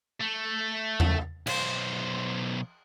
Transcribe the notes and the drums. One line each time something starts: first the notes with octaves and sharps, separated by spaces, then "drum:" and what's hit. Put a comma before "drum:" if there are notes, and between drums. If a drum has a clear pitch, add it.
A3
drum: tom E2
B1 C5, drum: cymbal